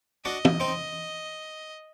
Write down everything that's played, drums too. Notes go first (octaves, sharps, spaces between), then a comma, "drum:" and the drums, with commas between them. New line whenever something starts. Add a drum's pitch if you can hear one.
D4 F#4 D#5
drum: tom
C4 D#4